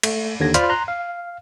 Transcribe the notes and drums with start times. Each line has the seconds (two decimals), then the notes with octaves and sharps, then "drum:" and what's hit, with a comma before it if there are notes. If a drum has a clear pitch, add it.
0.03 A3, drum: cymbal
0.40 D#2 D3 G#6 A#6
0.54 F4 C5 D5 B5 F6, drum: hi-hat
0.70 A#5 C6 F#6
0.88 F5